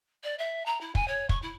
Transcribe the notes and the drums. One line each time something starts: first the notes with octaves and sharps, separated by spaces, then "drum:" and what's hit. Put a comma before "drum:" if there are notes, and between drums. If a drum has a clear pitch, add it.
D5
E5
A#5
E4
G#5, drum: kick
C#5
C#6, drum: kick
E4